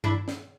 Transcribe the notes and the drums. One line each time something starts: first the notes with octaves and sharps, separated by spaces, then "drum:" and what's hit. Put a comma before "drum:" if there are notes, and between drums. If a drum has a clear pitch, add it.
D4 E4, drum: tom G2
drum: snare